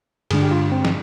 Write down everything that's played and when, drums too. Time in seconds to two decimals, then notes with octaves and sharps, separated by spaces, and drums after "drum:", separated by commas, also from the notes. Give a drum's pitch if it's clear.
0.31 G2 D3 G#3 D4 G#4, drum: cymbal
0.43 G4
0.51 F4
0.72 C4
0.85 drum: snare